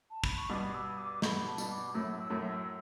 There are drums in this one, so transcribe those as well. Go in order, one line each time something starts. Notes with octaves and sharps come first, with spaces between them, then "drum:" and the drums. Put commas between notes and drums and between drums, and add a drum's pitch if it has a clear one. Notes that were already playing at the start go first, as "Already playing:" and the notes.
A5
B5, drum: kick
C#6
G2 B2 D6
E6
D6
G2 B2 B5 C#6, drum: snare
A5
G2 B2, drum: tambourine
D6
F#2 A2 E6
E6
F#2 A2
E6